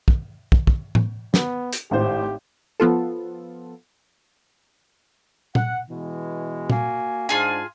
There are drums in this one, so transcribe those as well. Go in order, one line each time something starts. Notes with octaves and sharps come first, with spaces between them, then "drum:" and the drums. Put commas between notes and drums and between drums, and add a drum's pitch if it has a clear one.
drum: kick
drum: kick
drum: kick
drum: tom
B3, drum: snare
drum: hi-hat
G#1 A2 G4 C5
F3 B3 F4 A4
F#5, drum: tom A#2
B2 E3 G#3
A#3 F#4 G#5, drum: tom A#2
G#2 D4 F4 G#4 G#5 A5